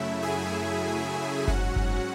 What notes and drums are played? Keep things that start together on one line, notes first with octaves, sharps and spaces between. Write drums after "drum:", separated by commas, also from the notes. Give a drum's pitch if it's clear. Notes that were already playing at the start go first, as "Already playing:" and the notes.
Already playing: F#2 C#3 F#3 A3 E4 E5
G#4 G#5
G#2 F#3 C#4 F#4 F#5, drum: kick F#1
drum: kick F#1